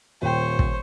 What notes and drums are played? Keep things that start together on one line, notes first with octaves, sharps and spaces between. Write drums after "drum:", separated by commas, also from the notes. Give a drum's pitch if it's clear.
D#1 C5 C#5 G5
drum: kick